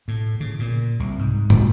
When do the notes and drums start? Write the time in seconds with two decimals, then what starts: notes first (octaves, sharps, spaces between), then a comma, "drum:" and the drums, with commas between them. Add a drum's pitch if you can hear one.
0.08 A2
0.40 C#3
0.59 A#2
1.00 C2
1.19 G#2
1.50 C#2, drum: tom